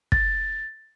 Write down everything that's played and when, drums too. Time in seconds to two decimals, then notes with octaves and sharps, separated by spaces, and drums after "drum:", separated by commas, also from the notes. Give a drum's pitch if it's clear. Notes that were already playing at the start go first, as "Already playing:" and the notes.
0.12 A6, drum: kick